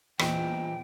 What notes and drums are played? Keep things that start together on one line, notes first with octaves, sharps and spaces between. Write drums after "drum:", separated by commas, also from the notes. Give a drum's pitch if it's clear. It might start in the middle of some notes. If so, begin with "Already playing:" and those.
E2 A#2 E3 C5 D#5 G5, drum: rim click